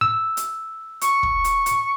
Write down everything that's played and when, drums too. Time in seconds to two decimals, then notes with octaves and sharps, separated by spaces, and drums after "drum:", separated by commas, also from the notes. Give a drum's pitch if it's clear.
0.01 E6
0.37 drum: hi-hat
1.01 C#6, drum: hi-hat
1.23 drum: kick
1.44 drum: hi-hat
1.66 drum: hi-hat